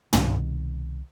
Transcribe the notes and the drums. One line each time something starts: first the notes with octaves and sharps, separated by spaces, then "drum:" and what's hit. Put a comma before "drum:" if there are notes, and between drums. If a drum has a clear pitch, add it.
C2 B2 D#3, drum: tom